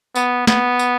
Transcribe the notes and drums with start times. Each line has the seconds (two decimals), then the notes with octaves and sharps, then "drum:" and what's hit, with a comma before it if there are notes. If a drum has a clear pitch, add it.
0.15 B3, drum: tambourine
0.47 B3, drum: snare
0.79 drum: tambourine